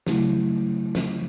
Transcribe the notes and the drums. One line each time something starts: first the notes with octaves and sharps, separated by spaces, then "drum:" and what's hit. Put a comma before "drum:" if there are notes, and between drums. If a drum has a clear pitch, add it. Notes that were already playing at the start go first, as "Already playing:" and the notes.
C#3 F#3 A3 E4, drum: snare
drum: snare